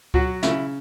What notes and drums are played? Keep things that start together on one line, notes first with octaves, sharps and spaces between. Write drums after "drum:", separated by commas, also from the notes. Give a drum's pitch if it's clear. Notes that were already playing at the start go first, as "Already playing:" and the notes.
F#3 F#4, drum: kick C#2
C#3 E4, drum: snare